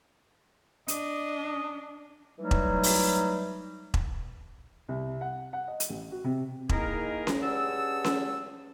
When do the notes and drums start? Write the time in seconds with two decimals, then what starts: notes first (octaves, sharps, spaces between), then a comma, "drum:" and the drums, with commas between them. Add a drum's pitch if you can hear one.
0.88 D4 D#5, drum: hi-hat
2.38 E3 F#3 G3 A3 D#4
2.51 drum: kick E1
2.83 drum: open hi-hat
3.94 drum: kick E1
4.89 C2
5.21 F#5
5.53 F#5
5.68 D#5
5.80 drum: hi-hat
5.90 A1
6.12 F#4
6.24 C3
6.69 D#3 G#3 A#3 E4 G#4 A#4, drum: kick E1
7.27 drum: snare C#4
7.42 G2 C#4 G#4 F#5 A5 E6
8.04 drum: snare C#4